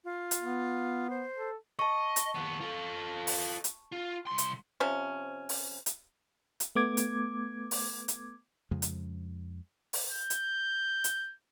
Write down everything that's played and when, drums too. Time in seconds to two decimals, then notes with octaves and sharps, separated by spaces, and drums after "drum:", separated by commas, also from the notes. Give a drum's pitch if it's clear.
0.05 F4
0.31 drum: hi-hat
0.41 B3
1.10 C5
1.37 A4
1.79 D#5 A5 C#6
2.16 drum: hi-hat
2.35 D#2 B3
2.61 F4 A4
3.27 drum: open hi-hat
3.64 drum: hi-hat
3.92 F4
4.26 C2 C6
4.38 drum: hi-hat
4.80 C3 F3 C#4
5.49 drum: open hi-hat
5.86 drum: hi-hat
6.60 drum: hi-hat
6.75 A3 B3 D6 G#6
6.97 drum: hi-hat
7.71 drum: open hi-hat
8.08 drum: hi-hat
8.71 F2 C#3 F3 G#3
8.82 drum: hi-hat
9.93 drum: open hi-hat
10.11 G6
10.30 drum: hi-hat
11.04 drum: hi-hat